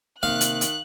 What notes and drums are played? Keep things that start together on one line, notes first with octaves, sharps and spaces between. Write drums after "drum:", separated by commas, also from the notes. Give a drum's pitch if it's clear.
C3 D#3 A#3 F5 F#6
drum: hi-hat
drum: hi-hat